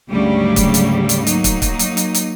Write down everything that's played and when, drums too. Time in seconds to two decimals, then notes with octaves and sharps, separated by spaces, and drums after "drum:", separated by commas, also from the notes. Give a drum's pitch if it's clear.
0.10 D2 G#2 C#3 F#3 G3
0.56 drum: kick, hi-hat
0.74 drum: hi-hat
1.09 drum: hi-hat
1.27 F#3 A#3 D#4, drum: hi-hat
1.44 drum: kick, hi-hat
1.62 drum: kick, hi-hat
1.79 drum: hi-hat
1.97 drum: hi-hat
2.14 drum: hi-hat